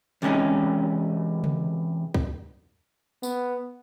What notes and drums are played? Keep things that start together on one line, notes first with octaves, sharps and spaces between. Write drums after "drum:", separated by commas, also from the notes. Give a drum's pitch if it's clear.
E2 C3 G#3 C#4 D#4
drum: tom C#3
drum: kick
B3, drum: tambourine